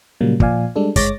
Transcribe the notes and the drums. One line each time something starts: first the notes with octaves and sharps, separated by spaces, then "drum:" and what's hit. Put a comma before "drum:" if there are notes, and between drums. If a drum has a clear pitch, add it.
A#2 C#3 F#3 G3 A#3
A#2 F3 D5 F5 G#5, drum: kick
G3 G#3 D4 A4
G1 G#3 C#5 D6 A6 A#6, drum: kick, hi-hat